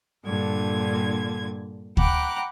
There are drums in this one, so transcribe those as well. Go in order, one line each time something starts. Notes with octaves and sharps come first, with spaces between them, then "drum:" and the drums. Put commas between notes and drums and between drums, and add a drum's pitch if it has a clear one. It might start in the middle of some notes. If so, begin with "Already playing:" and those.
G2 A#2 D3 G#6
F#5 G5 A#5 B5 D6 F#6, drum: kick D2